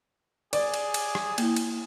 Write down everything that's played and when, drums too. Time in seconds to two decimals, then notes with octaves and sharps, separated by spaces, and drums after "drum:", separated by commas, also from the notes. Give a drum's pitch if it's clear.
0.53 G#4 D5, drum: cymbal
0.74 drum: cymbal
0.94 drum: cymbal
1.15 drum: rim click
1.38 A#3 E4, drum: cymbal
1.56 drum: cymbal